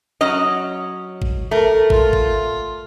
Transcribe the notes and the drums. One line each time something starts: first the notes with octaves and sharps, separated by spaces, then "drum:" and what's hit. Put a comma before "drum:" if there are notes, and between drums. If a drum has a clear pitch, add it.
F#3 C#4 D#5
drum: kick
A3 A#4
F4, drum: kick
drum: kick